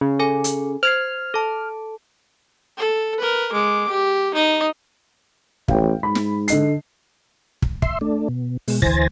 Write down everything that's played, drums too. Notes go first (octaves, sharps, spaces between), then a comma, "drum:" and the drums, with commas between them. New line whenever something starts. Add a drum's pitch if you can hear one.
C#3
A4 G#5
drum: hi-hat
C5 F6 G#6 C7
A4 A5
A4
A#4 B4
G#3 D6
G4
D#4 D#5
A1 F5 G5, drum: kick
G#2 B5
drum: snare
D3 D#5 C7, drum: hi-hat
drum: kick
E5 C6, drum: kick
A3 D4
B2
B2 G#3, drum: open hi-hat
D2 E3 C5 G#5 A6 A#6, drum: kick